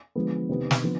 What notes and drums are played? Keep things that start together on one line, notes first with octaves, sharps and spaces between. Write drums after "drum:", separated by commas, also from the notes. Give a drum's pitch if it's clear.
D3 F3 G#3 B3
C3 D#3 B3
drum: snare
D3 F3 B3